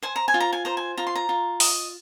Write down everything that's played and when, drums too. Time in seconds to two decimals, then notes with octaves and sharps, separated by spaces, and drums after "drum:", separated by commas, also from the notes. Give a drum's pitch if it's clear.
0.03 C5 G#5
0.16 A#5
0.28 G#5
0.34 F4
0.40 A#5
0.53 G#5
0.65 C5 A#5
0.77 G#5
0.97 F4 A#5
1.07 C6
1.15 A#5
1.29 F4
1.60 D#5, drum: open hi-hat